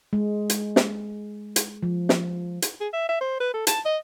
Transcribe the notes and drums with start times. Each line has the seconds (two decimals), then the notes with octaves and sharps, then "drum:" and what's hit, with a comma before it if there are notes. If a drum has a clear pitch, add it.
0.13 G#3
0.50 drum: hi-hat
0.76 drum: snare
1.56 drum: hi-hat
1.83 F3
2.09 drum: snare
2.62 drum: hi-hat
2.80 G#4
2.93 E5
3.09 E5
3.21 C5
3.40 B4
3.54 A4
3.67 A5, drum: hi-hat
3.86 D#5